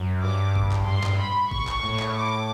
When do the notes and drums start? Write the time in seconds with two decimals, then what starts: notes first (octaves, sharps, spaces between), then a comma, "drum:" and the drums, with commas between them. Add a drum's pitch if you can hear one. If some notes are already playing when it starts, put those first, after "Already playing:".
Already playing: F#2
0.23 G2 D6
0.55 drum: kick G1
0.71 drum: clap
0.87 G2 C6
1.03 G2, drum: clap
1.19 B5
1.51 C#6, drum: kick G1
1.67 drum: clap
1.83 A2
1.99 drum: clap
2.15 D6